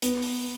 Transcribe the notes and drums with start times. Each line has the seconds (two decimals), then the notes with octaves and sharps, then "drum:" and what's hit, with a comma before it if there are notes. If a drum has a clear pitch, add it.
0.02 B3, drum: hi-hat
0.22 drum: open hi-hat